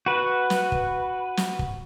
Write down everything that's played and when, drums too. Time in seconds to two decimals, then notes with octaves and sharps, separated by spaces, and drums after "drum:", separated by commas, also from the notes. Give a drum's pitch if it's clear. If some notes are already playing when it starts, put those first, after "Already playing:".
0.06 F#4 B4
0.50 drum: snare
0.72 drum: kick
1.37 drum: snare
1.59 drum: kick